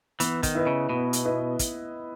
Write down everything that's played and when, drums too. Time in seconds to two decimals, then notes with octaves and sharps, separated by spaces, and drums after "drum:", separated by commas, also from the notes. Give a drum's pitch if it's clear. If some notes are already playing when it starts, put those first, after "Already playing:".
0.20 E3 B3, drum: hi-hat
0.43 D#3, drum: kick, hi-hat
0.55 E4 B4 D#5
0.66 C#3
0.89 B2 B3
1.13 drum: hi-hat
1.25 E4 B4 D#5
1.59 drum: kick, hi-hat